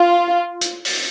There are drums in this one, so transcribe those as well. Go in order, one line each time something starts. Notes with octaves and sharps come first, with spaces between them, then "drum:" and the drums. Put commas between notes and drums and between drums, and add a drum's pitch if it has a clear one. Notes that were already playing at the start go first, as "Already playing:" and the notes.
Already playing: F4
drum: hi-hat
drum: open hi-hat